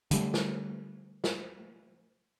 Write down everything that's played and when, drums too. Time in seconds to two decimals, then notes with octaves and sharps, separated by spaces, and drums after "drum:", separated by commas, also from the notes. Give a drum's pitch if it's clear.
0.11 D3 G3 A3, drum: hi-hat
0.34 drum: snare
1.24 drum: snare